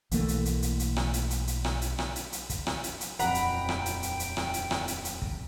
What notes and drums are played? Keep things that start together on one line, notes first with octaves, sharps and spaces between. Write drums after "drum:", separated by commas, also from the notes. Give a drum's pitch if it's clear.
B1 E3 A3 A#3, drum: hi-hat
drum: hi-hat
drum: hi-hat
drum: hi-hat
drum: hi-hat
drum: rim click
drum: hi-hat
drum: hi-hat
drum: hi-hat
drum: rim click
drum: hi-hat
drum: rim click
drum: hi-hat
drum: hi-hat
drum: kick, hi-hat
drum: rim click
drum: hi-hat
drum: hi-hat
D#1 F2 F#5 G5 A#5 B5, drum: hi-hat
drum: hi-hat
drum: rim click
drum: hi-hat
drum: hi-hat
drum: hi-hat
drum: rim click
drum: hi-hat
drum: rim click
drum: hi-hat
drum: hi-hat
drum: kick